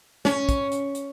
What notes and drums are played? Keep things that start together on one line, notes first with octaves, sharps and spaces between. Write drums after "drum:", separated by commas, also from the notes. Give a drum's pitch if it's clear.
C#4, drum: snare
drum: kick, hi-hat
drum: hi-hat
drum: hi-hat